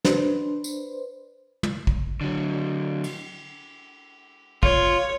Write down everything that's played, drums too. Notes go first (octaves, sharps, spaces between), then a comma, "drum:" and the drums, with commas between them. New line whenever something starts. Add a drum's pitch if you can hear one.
D4 B4 C5, drum: snare
drum: tambourine
drum: tom
drum: kick
D3 F#3
drum: cymbal
F4 C#5, drum: kick